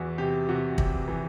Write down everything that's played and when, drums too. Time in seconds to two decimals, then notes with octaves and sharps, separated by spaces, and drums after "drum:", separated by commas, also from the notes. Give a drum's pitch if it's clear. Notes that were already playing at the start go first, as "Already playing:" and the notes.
Already playing: E2 E3 E4 F#4
0.18 C3 G4
0.49 C3 F#4
0.78 C3, drum: kick
1.08 E3